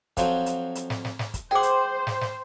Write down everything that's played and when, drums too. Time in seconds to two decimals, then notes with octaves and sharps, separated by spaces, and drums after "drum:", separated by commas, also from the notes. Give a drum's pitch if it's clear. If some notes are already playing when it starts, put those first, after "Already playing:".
0.17 F2 F3 F#3, drum: kick, hi-hat
0.46 drum: hi-hat
0.75 drum: hi-hat
0.90 drum: snare
1.05 drum: snare
1.19 drum: snare
1.34 drum: kick, hi-hat
1.51 G#4 C5 F#5 G5 D6
1.63 drum: hi-hat
2.07 drum: snare
2.21 drum: snare